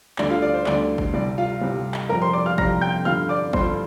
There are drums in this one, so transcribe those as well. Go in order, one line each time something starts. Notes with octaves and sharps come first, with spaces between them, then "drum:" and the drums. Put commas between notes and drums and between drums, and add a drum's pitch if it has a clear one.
D2 D3 G3 D5, drum: clap
F4 F5
D5
C5
D2 D3 G3 D5, drum: clap
drum: kick G#1
C2 C3 G3 D5
F4 F5
C2 C3 G3
drum: clap
F2 C3 G3 A#4 A#5
C5 C6
D5 D6
F5 F6
F2 C3 G3 A#5 A#6, drum: kick G#1
G5 G6
G2 D3 F3 F5 F6
D5 D6
G2 D3 F3 C5 C6, drum: kick G#1